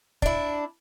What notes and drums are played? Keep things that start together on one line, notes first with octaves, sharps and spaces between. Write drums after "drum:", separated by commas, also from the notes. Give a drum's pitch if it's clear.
D4 E4, drum: kick